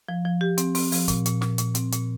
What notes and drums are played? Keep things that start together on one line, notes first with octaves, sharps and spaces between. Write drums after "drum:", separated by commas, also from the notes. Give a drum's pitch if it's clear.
F3
F3
G4
C4, drum: hi-hat
C4, drum: open hi-hat
F3, drum: open hi-hat
A#2, drum: kick, hi-hat
A#2, drum: hi-hat
A#2, drum: snare
A#2, drum: hi-hat
C4, drum: hi-hat
A#2, drum: hi-hat